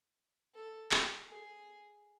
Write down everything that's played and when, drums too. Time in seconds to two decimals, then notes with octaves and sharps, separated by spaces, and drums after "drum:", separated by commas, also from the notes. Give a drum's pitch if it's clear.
0.55 A4
0.92 drum: clap
1.28 G#4